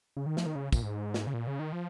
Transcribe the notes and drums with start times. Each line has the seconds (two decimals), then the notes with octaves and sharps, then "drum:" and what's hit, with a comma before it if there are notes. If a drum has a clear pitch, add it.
0.17 C#3
0.26 D#3
0.37 F3, drum: snare
0.46 D#3
0.55 C#3
0.73 A#2, drum: kick, tambourine
0.83 G#2
1.14 drum: snare
1.27 C#3
1.34 A#2
1.47 C#3
1.59 D#3
1.73 F3